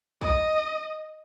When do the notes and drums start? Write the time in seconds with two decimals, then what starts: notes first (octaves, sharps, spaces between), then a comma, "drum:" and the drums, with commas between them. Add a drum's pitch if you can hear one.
0.21 D#5, drum: kick B1